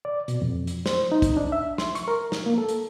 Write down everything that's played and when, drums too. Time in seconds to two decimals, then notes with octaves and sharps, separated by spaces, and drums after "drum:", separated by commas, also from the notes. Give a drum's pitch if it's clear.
0.05 D5
0.28 B2, drum: hi-hat
0.42 F2
0.67 drum: hi-hat
0.86 C5, drum: snare
1.12 D#4
1.22 drum: kick, hi-hat
1.37 D4
1.52 E5
1.78 C6, drum: snare
1.95 C#6, drum: hi-hat
2.08 A#4
2.32 drum: snare
2.46 A#3
2.58 A4
2.69 drum: hi-hat